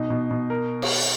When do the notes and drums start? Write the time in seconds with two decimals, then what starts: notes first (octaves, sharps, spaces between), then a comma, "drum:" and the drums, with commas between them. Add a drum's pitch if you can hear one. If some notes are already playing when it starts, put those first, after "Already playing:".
Already playing: B2 D#4
0.10 B2
0.31 B2
0.50 A#4
0.82 drum: cymbal